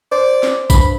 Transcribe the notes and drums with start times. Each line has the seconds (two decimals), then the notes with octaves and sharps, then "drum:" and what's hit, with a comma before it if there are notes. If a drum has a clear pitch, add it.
0.12 C5 D5
0.43 drum: snare
0.70 G2 B5, drum: kick A1, tambourine